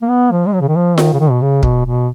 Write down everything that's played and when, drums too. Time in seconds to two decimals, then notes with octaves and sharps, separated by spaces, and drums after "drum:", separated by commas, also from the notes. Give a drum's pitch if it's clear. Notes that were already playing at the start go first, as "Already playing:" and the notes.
0.02 A#3
0.09 B3
0.31 F3
0.46 G#3
0.53 F#3
0.61 C#3
0.68 D#3
0.76 F3
0.98 D#3, drum: snare F4
1.13 C#3
1.20 D#3
1.31 B2
1.42 C#3
1.63 B2, drum: kick
1.85 B2